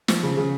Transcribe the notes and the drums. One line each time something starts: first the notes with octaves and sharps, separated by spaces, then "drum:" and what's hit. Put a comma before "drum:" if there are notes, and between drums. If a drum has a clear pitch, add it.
F3, drum: snare
C#3
C#3